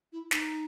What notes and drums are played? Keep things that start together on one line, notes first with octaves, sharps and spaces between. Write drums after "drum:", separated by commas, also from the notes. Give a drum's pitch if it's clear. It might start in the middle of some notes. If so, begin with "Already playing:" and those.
E4
D#4, drum: snare